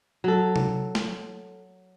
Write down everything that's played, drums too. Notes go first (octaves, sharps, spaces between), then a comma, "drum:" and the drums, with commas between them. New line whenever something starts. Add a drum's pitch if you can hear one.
F#3 A4
drum: tom C3
drum: snare